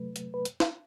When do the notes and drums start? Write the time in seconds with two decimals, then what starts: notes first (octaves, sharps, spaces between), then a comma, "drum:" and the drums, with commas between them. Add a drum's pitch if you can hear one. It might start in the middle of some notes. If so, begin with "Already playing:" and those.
Already playing: C3 F#3 A3 B4
0.16 drum: hi-hat
0.34 B4
0.45 drum: hi-hat
0.60 drum: snare